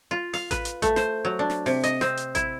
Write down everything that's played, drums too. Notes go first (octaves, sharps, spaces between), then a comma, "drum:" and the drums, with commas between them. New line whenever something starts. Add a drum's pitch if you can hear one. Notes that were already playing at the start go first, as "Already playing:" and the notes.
F4
F5, drum: open hi-hat
B4, drum: kick A1, hi-hat
drum: hi-hat
A3, drum: kick A1, hi-hat
C5, drum: snare
F#3
D4
drum: snare
C3, drum: open hi-hat
D#5, drum: hi-hat
C4, drum: snare
drum: hi-hat
E4, drum: kick A1, hi-hat